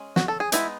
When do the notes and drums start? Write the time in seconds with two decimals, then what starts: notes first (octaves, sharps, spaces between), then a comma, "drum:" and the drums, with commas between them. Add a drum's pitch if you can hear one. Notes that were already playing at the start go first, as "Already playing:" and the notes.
Already playing: G#3 C#4
0.16 F#4, drum: snare
0.28 A4
0.40 G#4
0.52 G#3 B3 D#4 E4, drum: hi-hat